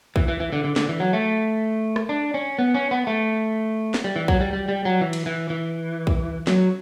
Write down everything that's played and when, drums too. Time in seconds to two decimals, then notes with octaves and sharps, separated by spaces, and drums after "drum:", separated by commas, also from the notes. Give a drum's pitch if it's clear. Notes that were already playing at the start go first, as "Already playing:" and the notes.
0.16 E3, drum: kick B1
0.28 E3
0.40 E3
0.53 D3
0.64 D3
0.76 D3, drum: snare
0.89 E3
1.00 F#3
1.13 A3
1.96 drum: rim click
2.09 D4
2.34 C#4
2.59 B3
2.74 C#4
2.91 B3
3.07 A3
3.94 drum: snare
4.04 G3
4.16 E3
4.28 F#3, drum: kick B1
4.41 G3
4.53 G3
4.69 G3
4.85 F#3
5.01 E3
5.13 drum: cymbal
5.26 E3
5.50 E3
6.07 drum: kick B1
6.47 F#3, drum: snare